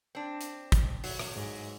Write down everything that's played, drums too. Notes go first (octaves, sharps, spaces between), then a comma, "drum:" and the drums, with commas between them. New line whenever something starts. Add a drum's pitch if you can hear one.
C4 D4
drum: hi-hat
drum: kick, hi-hat
F#3, drum: open hi-hat
drum: rim click
G#2